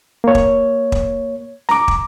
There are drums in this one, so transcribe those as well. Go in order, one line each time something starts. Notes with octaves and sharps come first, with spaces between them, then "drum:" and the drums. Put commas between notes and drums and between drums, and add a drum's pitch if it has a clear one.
A#3 C#5
drum: kick
drum: kick
A#5 D6, drum: snare C#4
drum: kick